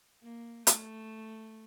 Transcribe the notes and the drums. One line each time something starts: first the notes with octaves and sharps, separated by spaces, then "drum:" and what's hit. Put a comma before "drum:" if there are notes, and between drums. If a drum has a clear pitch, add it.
A#3
A3, drum: hi-hat